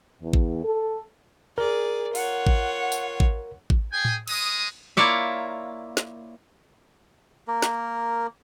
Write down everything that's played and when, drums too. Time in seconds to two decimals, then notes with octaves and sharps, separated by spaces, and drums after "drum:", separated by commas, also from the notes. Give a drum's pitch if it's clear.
0.21 E2
0.33 drum: kick A1
0.64 A4
1.58 G#4 A#4 D5
2.15 F4 C#5 F#5, drum: open hi-hat
2.47 drum: kick A1
2.92 drum: tambourine
3.20 drum: kick A1
3.70 drum: kick A1
3.92 G#4 G5 G#5
4.05 drum: tom A2
4.28 G#3 D#6, drum: cymbal
4.97 A#3 E4 F4 C#5 D5 E5
5.97 drum: snare
7.48 A#3 A#4
7.62 drum: snare